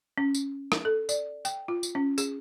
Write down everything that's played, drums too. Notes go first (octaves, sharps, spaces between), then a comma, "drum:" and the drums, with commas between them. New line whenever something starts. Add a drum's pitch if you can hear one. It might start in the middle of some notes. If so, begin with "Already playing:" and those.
C#4
drum: tambourine
drum: rim click
A4
D5, drum: tambourine
G5, drum: tambourine
F4
drum: tambourine
C#4
G#4, drum: tambourine